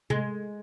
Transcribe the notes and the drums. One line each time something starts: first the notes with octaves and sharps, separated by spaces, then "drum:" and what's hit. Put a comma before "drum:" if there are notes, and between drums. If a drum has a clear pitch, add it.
G#3, drum: tom C3